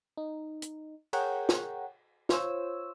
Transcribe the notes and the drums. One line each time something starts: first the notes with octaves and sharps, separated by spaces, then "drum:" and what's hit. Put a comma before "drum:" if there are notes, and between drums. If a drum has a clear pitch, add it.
D#4
drum: hi-hat
G#4 A#4 C#5 F#5 G5, drum: cymbal
drum: snare
F4 C5 C#5 E6, drum: snare